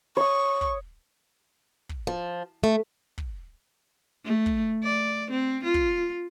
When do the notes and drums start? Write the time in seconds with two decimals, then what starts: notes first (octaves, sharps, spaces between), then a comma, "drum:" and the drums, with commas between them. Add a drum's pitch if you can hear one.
0.17 C#5 C#6 D#6
0.61 drum: kick
1.89 drum: kick
2.07 F3
2.64 A3
3.18 drum: kick
4.25 A3
4.46 drum: kick
4.84 D5
5.31 C4
5.64 F4
5.74 drum: kick